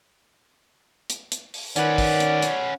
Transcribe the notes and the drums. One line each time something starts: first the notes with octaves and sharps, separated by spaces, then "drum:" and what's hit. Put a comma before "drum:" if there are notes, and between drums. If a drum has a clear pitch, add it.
drum: hi-hat
drum: hi-hat
drum: open hi-hat
D#3 C#4 B4 D5 F#5, drum: hi-hat
drum: kick, open hi-hat
drum: hi-hat
drum: hi-hat